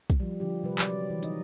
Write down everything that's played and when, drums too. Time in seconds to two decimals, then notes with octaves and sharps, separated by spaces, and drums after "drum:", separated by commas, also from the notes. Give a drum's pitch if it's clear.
0.10 drum: kick, hi-hat
0.20 F3 G3
0.40 D3 F3 G4
0.63 C3 G3 B4
0.79 F#3 D5, drum: clap
1.10 E3
1.23 D#4 D#5, drum: hi-hat